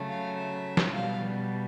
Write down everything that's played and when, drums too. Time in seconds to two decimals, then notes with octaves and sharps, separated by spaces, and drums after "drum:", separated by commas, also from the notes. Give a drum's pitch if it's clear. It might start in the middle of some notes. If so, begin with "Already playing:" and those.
Already playing: C#3 F#3 A3
0.08 F5
0.37 E5
0.77 drum: snare
0.93 B2 G3 F5